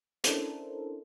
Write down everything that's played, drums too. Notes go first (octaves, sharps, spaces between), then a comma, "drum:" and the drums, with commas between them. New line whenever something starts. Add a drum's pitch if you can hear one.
C#4 D4 E4 A4 A#4 C5, drum: hi-hat